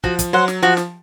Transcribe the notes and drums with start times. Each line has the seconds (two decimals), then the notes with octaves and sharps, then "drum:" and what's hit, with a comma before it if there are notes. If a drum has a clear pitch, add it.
0.04 F3 F#4, drum: kick
0.19 drum: kick, hi-hat
0.33 F#3 C5 F#5
0.48 drum: snare
0.62 F3 F#4
0.77 drum: snare